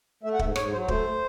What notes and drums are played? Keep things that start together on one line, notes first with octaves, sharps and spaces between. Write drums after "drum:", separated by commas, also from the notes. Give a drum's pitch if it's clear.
A3 E5
F#5
G#2 E5, drum: kick
G#2 C#5, drum: rim click
F#3 C5
A3 C5, drum: kick